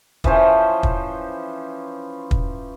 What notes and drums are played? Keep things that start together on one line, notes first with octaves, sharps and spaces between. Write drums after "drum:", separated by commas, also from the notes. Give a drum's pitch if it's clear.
E3 F3 C#4 C5, drum: kick
drum: kick
drum: kick